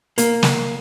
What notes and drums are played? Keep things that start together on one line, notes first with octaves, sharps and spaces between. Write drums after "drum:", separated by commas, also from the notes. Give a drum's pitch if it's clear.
A#3, drum: hi-hat
drum: snare